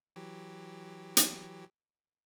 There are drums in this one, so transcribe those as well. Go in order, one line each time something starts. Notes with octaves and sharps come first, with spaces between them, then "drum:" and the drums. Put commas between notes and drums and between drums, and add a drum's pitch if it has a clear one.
E3 F#3 G4
drum: hi-hat